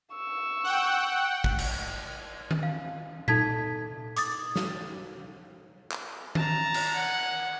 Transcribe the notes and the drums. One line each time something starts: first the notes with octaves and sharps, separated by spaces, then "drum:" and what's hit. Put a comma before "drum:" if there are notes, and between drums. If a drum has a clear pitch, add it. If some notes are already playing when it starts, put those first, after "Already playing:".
C#6 E6
F#5 G5
drum: kick
drum: cymbal
drum: tom D#3
F5
D#4 A4 A5 G#6 B6, drum: tom A#2
D6 D#6 A6, drum: hi-hat
drum: snare
drum: clap
A5 A#5, drum: tom D#3
drum: cymbal
F#5